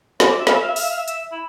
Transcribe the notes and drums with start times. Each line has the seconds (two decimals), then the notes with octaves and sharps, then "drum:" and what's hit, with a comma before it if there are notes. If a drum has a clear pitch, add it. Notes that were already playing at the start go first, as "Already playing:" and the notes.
0.20 C5, drum: snare
0.30 D5
0.39 E5
0.47 F5, drum: snare
0.54 E5
0.61 F5
0.68 E5
0.76 F5, drum: open hi-hat
0.83 E5
0.90 F5
0.97 E5
1.08 E5, drum: hi-hat
1.32 E4